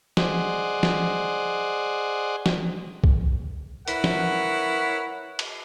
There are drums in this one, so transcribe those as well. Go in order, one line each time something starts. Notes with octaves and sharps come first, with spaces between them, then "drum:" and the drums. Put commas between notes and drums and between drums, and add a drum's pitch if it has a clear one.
G#4 C5 D5 D#5 F#5, drum: snare
drum: snare
drum: snare
drum: kick B1
E4 A#4 B4 C#5 F#5, drum: hi-hat
drum: snare
drum: cymbal